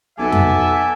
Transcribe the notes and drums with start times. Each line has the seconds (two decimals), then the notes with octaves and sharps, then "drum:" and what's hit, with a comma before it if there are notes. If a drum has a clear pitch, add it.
0.19 B1 B3 A4 E5 G#5 A5 D6
0.32 drum: tom F2